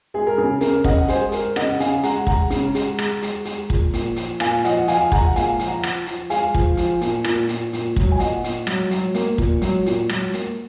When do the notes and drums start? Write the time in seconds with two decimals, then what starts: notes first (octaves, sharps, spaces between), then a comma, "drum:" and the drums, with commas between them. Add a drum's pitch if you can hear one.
0.14 G#3 G#4
0.27 A#4
0.38 C#3 G#4
0.61 C#3 A#4, drum: hi-hat
0.84 C#3 D#5 F#5, drum: kick
1.08 G#3 G#4 C5, drum: hi-hat
1.25 G#4
1.32 G#3 A#4, drum: hi-hat
1.56 C#3 D#5 F#5, drum: rim click
1.80 C#3 F5 G#5, drum: hi-hat
2.03 G#3 F#5 A#5, drum: hi-hat
2.27 G#3 F#5 A#5, drum: kick
2.50 C#3, drum: hi-hat
2.75 G#3, drum: hi-hat
2.99 G#3, drum: rim click
3.22 G#3, drum: hi-hat
3.45 G#3, drum: hi-hat
3.70 A#2, drum: kick
3.93 A#2, drum: hi-hat
4.16 F3, drum: hi-hat
4.40 A#2 F5 G#5, drum: rim click
4.64 F3 D#5 F#5, drum: hi-hat
4.88 F3 F5 G#5, drum: hi-hat
5.12 G#3 F#5 A#5, drum: kick
5.36 A#2 F5 G#5, drum: hi-hat
5.59 F3, drum: hi-hat
5.67 F#5 A#5
5.83 F3, drum: rim click
6.07 F3, drum: hi-hat
6.30 G#3 F5 G#5, drum: hi-hat
6.55 F3, drum: kick
6.77 F3, drum: hi-hat
7.01 A#2, drum: hi-hat
7.24 A#2, drum: rim click
7.49 A#2, drum: hi-hat
7.73 A#2, drum: hi-hat
7.96 F#3, drum: kick
8.12 G#5
8.20 A#2 D#5 F#5, drum: hi-hat
8.44 A#2, drum: hi-hat
8.67 F#3, drum: rim click
8.91 F#3, drum: hi-hat
9.14 A#3, drum: hi-hat
9.38 A#2, drum: kick
9.61 F#3, drum: hi-hat
9.86 A#2, drum: hi-hat
10.09 F#3, drum: rim click
10.33 A#3, drum: hi-hat